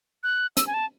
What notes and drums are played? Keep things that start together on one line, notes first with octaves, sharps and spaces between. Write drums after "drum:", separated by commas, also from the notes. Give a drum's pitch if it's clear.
F#6
E6, drum: hi-hat
G#5
A5